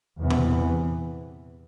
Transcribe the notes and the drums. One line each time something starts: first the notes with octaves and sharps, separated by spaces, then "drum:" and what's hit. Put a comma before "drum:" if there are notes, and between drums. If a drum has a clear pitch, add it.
E2 C3 E3 B3
drum: tom A#2